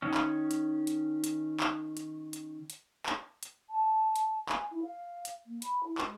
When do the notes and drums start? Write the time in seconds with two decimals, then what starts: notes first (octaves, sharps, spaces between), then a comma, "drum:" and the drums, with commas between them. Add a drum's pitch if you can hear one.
0.02 D#3 C#4
0.14 drum: clap
0.51 drum: hi-hat
0.87 drum: hi-hat
1.24 drum: hi-hat
1.60 drum: clap
1.97 drum: hi-hat
2.33 drum: hi-hat
2.70 drum: hi-hat
3.06 drum: clap
3.43 drum: hi-hat
3.70 A5
4.16 drum: hi-hat
4.49 G#5, drum: clap
4.70 E4
4.82 F5
5.25 drum: hi-hat
5.45 A#3
5.62 B5, drum: hi-hat
5.83 E4
5.98 G#3, drum: clap